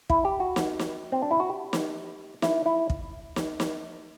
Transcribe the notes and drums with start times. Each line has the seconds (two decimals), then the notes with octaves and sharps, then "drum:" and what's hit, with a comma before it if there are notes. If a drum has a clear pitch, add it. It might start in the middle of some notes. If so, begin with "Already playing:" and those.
0.10 E4, drum: kick
0.25 G4
0.40 F#4
0.56 drum: snare
0.79 drum: snare
1.12 C4
1.22 D4
1.31 E4
1.40 F#4
1.49 G4
1.73 drum: snare
2.42 E4, drum: snare
2.66 E4
2.90 drum: kick
3.36 drum: snare
3.60 drum: snare